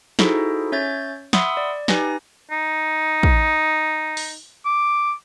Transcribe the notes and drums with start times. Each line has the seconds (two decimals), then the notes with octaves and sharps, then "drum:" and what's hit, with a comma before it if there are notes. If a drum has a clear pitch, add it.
0.19 D#4 E4 F#4 G#4 A4 C5, drum: snare
0.72 C#4 C#5 E5 G6 A6
1.33 E5 F#5 B5 C6 D#6 E6, drum: snare
1.57 D5
1.88 D#4 G4 B4 G#5 A#6, drum: snare
2.51 D#4
3.23 drum: kick
4.17 drum: open hi-hat
4.66 D6